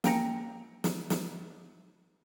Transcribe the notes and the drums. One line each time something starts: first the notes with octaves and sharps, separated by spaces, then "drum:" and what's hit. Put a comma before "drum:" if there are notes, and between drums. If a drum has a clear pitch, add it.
A#3 C#4 G5 A#5 A#6 C#7, drum: snare
drum: snare
drum: snare